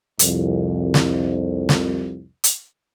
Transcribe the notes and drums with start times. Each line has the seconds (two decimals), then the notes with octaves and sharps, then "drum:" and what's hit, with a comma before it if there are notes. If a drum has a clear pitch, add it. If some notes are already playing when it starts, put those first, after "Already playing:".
0.19 C2 F2, drum: hi-hat
0.94 drum: snare
1.69 drum: snare
2.44 drum: hi-hat